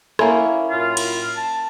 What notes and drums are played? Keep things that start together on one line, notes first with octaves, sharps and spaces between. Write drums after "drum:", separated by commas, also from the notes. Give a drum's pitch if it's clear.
A#3 C#4 E4, drum: rim click
F#2 A2 F4
drum: cymbal
A5